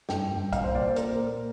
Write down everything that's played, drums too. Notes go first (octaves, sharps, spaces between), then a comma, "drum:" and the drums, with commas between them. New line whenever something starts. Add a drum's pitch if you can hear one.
G2 G5, drum: snare
G2
A#2 F5, drum: kick, hi-hat
C5
A#2 D5
C5
A#3 A#4, drum: hi-hat
A#3